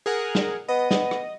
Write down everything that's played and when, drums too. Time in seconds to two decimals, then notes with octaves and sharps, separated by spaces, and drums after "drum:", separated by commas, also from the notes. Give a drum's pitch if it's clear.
0.06 G#4 A#4 F#5
0.35 drum: snare
0.68 B3 D#5
0.91 B3, drum: snare
1.11 drum: rim click